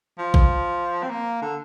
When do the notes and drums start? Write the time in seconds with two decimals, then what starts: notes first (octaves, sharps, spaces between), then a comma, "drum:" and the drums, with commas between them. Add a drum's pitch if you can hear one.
0.19 F3
0.34 drum: kick A#1
1.03 C4
1.10 A#3
1.42 D3